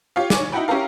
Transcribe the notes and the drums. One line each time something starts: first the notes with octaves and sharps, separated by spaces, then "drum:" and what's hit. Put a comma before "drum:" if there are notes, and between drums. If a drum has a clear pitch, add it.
F4 G4 C#5 F5
C#5 G#5 D6, drum: snare
D#4 E4 F#4 F#5 G5 B5
C#4 E4 G4 A#4 F5